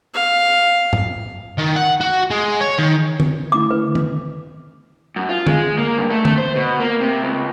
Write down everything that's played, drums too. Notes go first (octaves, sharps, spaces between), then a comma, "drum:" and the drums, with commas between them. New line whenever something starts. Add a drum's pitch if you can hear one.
F5
drum: tom G#2
D#3
F#5
F#4
G#3
C#5
D#3
drum: tom
D3 A3 E4 D6
B4
drum: tom D#3
F#2
F4
G#3, drum: tom
A#3
G2
A3
A3, drum: tom
C5
B2
A#3
C3
C#2